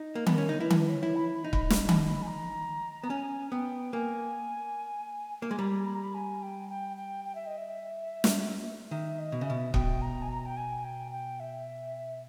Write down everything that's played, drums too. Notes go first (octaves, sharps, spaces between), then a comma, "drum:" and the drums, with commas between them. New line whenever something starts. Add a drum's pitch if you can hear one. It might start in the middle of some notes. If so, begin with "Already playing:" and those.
Already playing: D#4
A#3
B3, drum: tom D#3
A#4
C#4
D#4
E4 B4
drum: tom D#3
B4
C#5
E4
B5
B5
D#4
B5, drum: kick
B5, drum: snare
B5, drum: tom D#3
B5
G#5
A#5
B3 A#5
C#4 G#5
B3 G5
A#3 G#5
A#3
G#3
G3 A#5
B5
A#5
B5
G#5
G5
G5
G5
G5
E5
D#5
E5
drum: snare
D#3 E5
D#5
B2
C#3
B2 E5
B2 G5, drum: kick
A#5
G#5
A#5
G5
G#5
G5
G5
E5